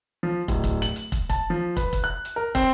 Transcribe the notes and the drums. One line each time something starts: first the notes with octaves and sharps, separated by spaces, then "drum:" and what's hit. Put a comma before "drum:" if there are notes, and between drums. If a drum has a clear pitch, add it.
F3
D1, drum: kick, hi-hat
drum: kick, hi-hat
F#7, drum: hi-hat
drum: hi-hat
drum: kick, hi-hat
A5, drum: kick, hi-hat
F3
B4, drum: kick, hi-hat
drum: kick, hi-hat
F#6
drum: hi-hat
A#4
C4, drum: kick, hi-hat